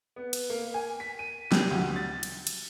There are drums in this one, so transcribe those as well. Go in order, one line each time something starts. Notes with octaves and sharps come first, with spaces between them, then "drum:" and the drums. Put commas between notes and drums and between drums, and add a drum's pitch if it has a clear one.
B3
drum: cymbal
A#3
G#5
B6
D#7
G4, drum: snare
D2
A6
drum: cymbal
drum: cymbal